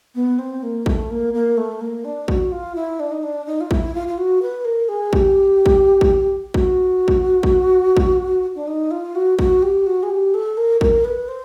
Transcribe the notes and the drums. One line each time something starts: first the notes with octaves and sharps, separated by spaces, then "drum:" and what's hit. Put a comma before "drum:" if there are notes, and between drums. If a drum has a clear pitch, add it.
B3
C4
A#3
A3, drum: kick
A#3
A#3
A3
A#3
D4
F#4, drum: kick
F4
E4
D4
D#4
D4
D#4
F4
E4, drum: kick
F4
F4
F#4
B4
A#4
G#4
G4, drum: kick
drum: kick
drum: kick
F#4, drum: kick
drum: kick
drum: kick
drum: kick
D4
D#4
F4
F#4
F#4, drum: kick
G4
F#4
G#4
G4
A4
A#4
A#4, drum: kick
B4
C5